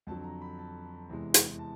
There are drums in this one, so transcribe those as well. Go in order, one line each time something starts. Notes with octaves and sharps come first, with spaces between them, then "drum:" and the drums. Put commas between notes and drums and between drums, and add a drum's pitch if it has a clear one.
F2 D3 F#3 A5
A#5
B5
A5
E2 C3 E3 G#3
drum: hi-hat
A5